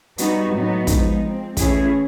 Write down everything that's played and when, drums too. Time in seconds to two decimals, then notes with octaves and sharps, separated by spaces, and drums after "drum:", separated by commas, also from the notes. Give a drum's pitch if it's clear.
0.18 G3 B3 D#4 F#4, drum: hi-hat
0.53 A2 F#3 B3 D#4 F#4
0.87 F3 G#3 B3 D#4, drum: kick, hi-hat
1.22 F3 G#3 C4
1.57 E3 A3 C#4 E4 G#4, drum: kick, hi-hat